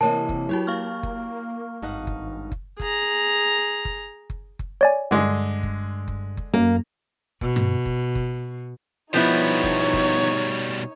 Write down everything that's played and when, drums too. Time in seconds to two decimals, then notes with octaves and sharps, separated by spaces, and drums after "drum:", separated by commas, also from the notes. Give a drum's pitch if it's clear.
0.01 C3 E3 A#3 A#4 C#5 D#5 A5
0.29 drum: kick F#1
0.49 F#3 E4 F#4 G4 C#5
0.67 A#3 F5 C#6 F6
1.03 drum: kick F#1
1.82 G#1 G2 D#4 F#5
2.07 drum: kick F#1
2.52 drum: kick F#1
2.80 G#4 A#5, drum: kick F#1
3.85 drum: kick F#1
4.30 drum: kick F#1
4.59 drum: kick F#1
4.81 C#5 D5 G#5
5.11 G2 D3 G#3
5.63 drum: kick F#1
6.08 drum: kick F#1
6.37 drum: kick F#1
6.54 F#2 A#3
7.41 B2, drum: kick F#1
7.56 drum: tom G2
7.86 drum: kick F#1
8.15 drum: kick F#1
9.14 B2 F3 G3 B3 D#4 E4 C#5
9.64 drum: kick F#1
9.93 drum: kick F#1